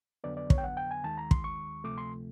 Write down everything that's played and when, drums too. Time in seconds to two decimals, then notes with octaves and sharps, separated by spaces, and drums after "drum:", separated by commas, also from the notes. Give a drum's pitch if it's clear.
0.24 F2 D3 F#3 B3 D5
0.37 D5
0.50 C#5, drum: kick
0.58 G5
0.64 F#5
0.77 G5
0.91 G#5
1.04 D#2 D#3 G#3 A5
1.18 A#5
1.31 C6, drum: kick
1.44 C#6
1.84 D2 C3 F3 A3 D6
1.98 C6